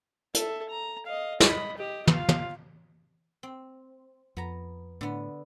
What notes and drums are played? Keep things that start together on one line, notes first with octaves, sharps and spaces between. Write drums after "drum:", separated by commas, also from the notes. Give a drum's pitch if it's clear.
A4 E5, drum: hi-hat
A#5
D#5 F5
D#5 B5, drum: snare
G4 D#5
F4 F5, drum: tom
drum: tom
C4
F2 B3 A#5
A2 D3 B3